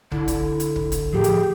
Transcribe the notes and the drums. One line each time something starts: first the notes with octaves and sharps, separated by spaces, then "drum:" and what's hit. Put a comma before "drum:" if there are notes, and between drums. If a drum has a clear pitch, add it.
D3 E4, drum: kick
drum: kick, hi-hat
drum: hi-hat
drum: kick
drum: kick, hi-hat
A2 F3 G4 G#4
drum: hi-hat